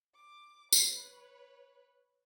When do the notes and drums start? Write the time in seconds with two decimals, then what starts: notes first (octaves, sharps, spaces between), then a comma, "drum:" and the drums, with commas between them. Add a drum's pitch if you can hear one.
0.15 D6
0.73 B4 C#5, drum: tambourine